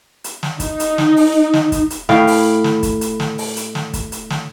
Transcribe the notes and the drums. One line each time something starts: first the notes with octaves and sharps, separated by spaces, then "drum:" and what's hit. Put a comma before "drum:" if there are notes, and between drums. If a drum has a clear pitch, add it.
drum: hi-hat
drum: snare
D#4, drum: kick, hi-hat
drum: hi-hat
drum: snare
drum: open hi-hat
drum: snare
drum: kick, hi-hat
drum: hi-hat
A2 E4 F5 G5, drum: snare
drum: open hi-hat
drum: snare
drum: kick, hi-hat
drum: hi-hat
drum: snare
drum: open hi-hat
drum: hi-hat
drum: snare
drum: kick, hi-hat
drum: hi-hat
drum: snare